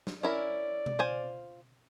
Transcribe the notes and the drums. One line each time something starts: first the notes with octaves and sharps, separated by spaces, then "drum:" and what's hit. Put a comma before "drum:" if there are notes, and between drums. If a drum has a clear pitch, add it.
drum: snare
C#4 E4 A#4 D5
drum: tom B2
F4 C5 G#5